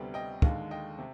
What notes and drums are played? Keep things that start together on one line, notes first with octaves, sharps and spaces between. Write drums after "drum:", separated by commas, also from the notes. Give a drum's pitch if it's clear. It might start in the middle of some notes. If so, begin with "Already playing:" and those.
Already playing: D2 C3 G3 B3
D#5 G5
D#2 D3 G#3 F5, drum: kick
D#5 G5
C3